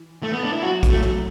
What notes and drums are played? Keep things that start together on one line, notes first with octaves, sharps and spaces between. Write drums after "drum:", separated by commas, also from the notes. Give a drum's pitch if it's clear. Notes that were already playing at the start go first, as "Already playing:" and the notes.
Already playing: E3
A3
B3
D4
E4
F#3 F#4
F#3, drum: kick, hi-hat
A3
F#3, drum: tom